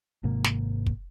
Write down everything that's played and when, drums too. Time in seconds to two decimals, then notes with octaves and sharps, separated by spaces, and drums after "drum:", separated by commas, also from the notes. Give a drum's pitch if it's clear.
0.23 G#1 G#2 C3 A#3
0.44 drum: snare
0.86 drum: kick